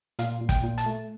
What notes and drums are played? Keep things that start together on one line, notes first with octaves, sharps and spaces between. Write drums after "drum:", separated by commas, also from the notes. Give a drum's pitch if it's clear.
A#2 F5, drum: hi-hat
A#2
G5, drum: kick, hi-hat
A#2
A5, drum: hi-hat
A3